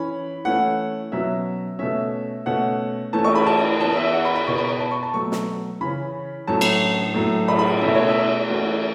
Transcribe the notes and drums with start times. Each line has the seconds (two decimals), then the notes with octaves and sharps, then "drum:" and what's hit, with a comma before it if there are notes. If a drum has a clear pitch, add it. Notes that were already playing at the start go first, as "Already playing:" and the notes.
Already playing: E3 C#4 B5
0.45 E3 A3 C#4 F#5
1.12 B2 F#3 C#4 E5
1.79 B2 A3 C#4 E5
2.46 B2 A3 C#4 F#5
3.13 E3 A3 C#4 A5
3.24 C#6, drum: cymbal
3.35 B5
3.46 A5
3.80 E3 B3 A5
3.96 E5
4.13 F#5
4.25 B5
4.35 B5
4.47 B2 B3 C#6
4.58 B5
4.69 B5
4.80 A5
4.91 C#6
5.03 A5
5.14 B2 F#3 A3 C#6
5.32 drum: snare
5.81 C#3 E3 C#4 B5
6.47 A2 F#3 A3 C#4 A5
6.61 drum: cymbal
7.14 A2 F#3 A3
7.48 B5, drum: cymbal
7.59 B5
7.81 B2 A3 C#4 E5
7.95 C#5
8.08 E5
8.48 E3 A3 C#4 F#4
8.65 E4